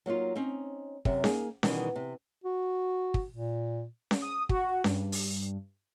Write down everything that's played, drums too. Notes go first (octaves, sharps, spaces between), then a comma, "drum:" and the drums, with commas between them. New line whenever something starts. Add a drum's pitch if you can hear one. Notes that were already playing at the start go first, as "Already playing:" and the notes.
F#3 A#3 D#4 F4
C4 C#4 D#4
F#2 C3, drum: kick
A#3 D#4 G#4, drum: snare C#4
B2 D#3 E3 G3, drum: snare C#4
C3
F#4
drum: kick
A#2
drum: snare C#4
D#6
F#4, drum: kick
G2, drum: snare C#4
drum: open hi-hat